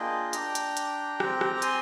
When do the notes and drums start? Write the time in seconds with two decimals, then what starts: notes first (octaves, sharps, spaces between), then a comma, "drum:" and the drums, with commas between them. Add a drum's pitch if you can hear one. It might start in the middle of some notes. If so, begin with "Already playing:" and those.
Already playing: A#3 D4 F4 G#4 D#5 G5
0.33 D4 G4 G5 A#5, drum: hi-hat
0.55 drum: hi-hat
0.77 drum: hi-hat
1.20 C4 G4, drum: rim click
1.41 drum: rim click
1.58 D6
1.62 G#5 C6, drum: hi-hat